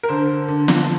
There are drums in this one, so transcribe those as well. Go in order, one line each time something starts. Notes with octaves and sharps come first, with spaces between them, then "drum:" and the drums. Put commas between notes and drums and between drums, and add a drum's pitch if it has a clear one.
A#4
D3 C5
D3
drum: snare